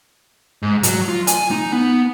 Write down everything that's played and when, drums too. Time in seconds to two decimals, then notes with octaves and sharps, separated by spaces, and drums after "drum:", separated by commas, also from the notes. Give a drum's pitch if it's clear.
0.63 G#2
0.83 F#3, drum: hi-hat
1.09 F4
1.27 G#5, drum: hi-hat
1.51 D#4
1.72 B3